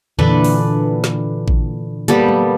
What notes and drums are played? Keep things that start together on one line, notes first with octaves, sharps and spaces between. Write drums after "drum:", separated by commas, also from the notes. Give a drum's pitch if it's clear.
A#2 D3 E3 D4 A4 B4, drum: tom E2
drum: open hi-hat
drum: snare
drum: kick A1
G3 A#3 B3 A4, drum: hi-hat
drum: tom F#3